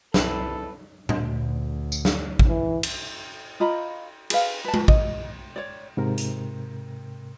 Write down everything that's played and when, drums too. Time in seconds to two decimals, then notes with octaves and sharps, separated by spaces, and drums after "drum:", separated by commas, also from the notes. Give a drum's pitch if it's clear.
0.14 C2 C4 E4 A4 B4, drum: snare
1.09 D2, drum: tom A#2
1.92 drum: tambourine
2.05 drum: snare
2.39 drum: kick A1
2.49 E3
2.83 drum: cymbal
3.60 F4 D#5 A#5 B5
4.30 G#4 B4 F5, drum: cymbal
4.65 B4 A5
4.74 drum: tom G#3
4.88 D#5, drum: kick A1
5.56 C#5 D5
5.97 G#2 C3 A#4
6.18 drum: hi-hat